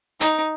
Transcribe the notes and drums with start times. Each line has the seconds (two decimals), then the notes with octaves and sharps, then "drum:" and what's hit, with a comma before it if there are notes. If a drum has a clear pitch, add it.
0.21 D#4, drum: hi-hat